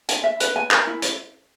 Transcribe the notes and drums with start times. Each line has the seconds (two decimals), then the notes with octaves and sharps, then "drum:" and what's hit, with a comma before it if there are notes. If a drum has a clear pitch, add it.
0.09 G#5, drum: hi-hat
0.24 E5
0.40 B4, drum: hi-hat
0.56 G#5
0.71 A#4, drum: clap
0.87 E4
1.02 drum: hi-hat